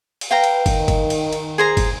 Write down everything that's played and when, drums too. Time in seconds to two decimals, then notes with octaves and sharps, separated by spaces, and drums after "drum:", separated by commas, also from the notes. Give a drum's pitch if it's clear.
0.21 drum: cymbal
0.31 B4 F5 G5 A#5
0.44 drum: cymbal
0.66 D#3, drum: kick, cymbal
0.88 drum: kick, cymbal
1.10 drum: cymbal
1.32 drum: cymbal
1.58 G#4 C5 A#5
1.77 drum: kick, cymbal